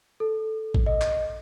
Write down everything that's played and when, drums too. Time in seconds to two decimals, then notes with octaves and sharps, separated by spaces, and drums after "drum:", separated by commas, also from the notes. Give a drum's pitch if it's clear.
0.20 A4
0.74 drum: kick A1
0.86 D#5
1.02 drum: clap